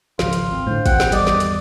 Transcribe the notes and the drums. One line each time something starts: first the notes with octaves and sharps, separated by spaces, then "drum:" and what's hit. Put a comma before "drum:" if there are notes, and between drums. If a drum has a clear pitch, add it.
G#1 C#2 F3 F4, drum: snare
drum: hi-hat
C4
A2 D3 C5
E2 B2 F#5 G5, drum: kick, hi-hat
drum: snare
G#1 E2 G3 D5 D#5 D6, drum: hi-hat
drum: snare
drum: hi-hat